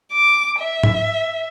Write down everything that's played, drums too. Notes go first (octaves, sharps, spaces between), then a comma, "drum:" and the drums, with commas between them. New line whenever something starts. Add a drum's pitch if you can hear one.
D6
E5
drum: tom G#2